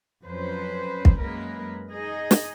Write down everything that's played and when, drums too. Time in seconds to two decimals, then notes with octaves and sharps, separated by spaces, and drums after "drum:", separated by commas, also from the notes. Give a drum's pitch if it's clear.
0.24 F2 F#3 C#4 B4 C5
1.05 drum: kick
1.20 F#2 G#3 A#3 A#4 B4
1.92 D#4 G#4 D#5
2.31 drum: snare